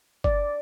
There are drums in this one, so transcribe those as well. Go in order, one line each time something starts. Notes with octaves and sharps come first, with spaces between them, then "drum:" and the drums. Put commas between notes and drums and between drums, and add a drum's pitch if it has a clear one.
D5, drum: kick